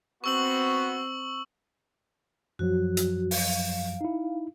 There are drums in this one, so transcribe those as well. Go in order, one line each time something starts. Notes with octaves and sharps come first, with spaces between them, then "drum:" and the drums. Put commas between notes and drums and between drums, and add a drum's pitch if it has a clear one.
B3 C4 F#4 C#6 E6 F#7
F#2 F3 F#3 F#4
drum: hi-hat
F5, drum: open hi-hat
D#4 E4